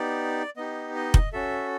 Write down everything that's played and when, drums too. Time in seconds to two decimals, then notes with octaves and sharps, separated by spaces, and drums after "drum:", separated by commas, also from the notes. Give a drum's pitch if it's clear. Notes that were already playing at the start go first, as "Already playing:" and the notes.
Already playing: B3 D#4 G4 D5
0.57 B3 D#4 G4 D#5
0.95 D#5
1.14 drum: kick F1
1.33 C#4 F#4 A4 E5